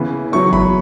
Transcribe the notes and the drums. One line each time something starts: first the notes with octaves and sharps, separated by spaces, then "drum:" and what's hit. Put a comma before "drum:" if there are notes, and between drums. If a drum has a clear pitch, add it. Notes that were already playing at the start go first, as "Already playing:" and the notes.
Already playing: C#3 E3 B3
F#3 B3 E4 C#6
B5, drum: kick G1